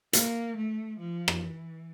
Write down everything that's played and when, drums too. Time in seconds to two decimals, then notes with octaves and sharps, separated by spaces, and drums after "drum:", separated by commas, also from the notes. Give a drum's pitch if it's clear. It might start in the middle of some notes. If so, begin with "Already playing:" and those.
0.13 A#3, drum: hi-hat
0.56 A3
0.99 F3
1.28 drum: rim click
1.43 E3